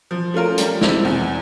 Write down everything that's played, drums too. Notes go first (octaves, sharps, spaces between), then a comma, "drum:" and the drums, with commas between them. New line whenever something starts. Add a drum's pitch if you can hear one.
F3
A3 C#4 F4 A#4
G3, drum: hi-hat
C4 E4, drum: snare
E2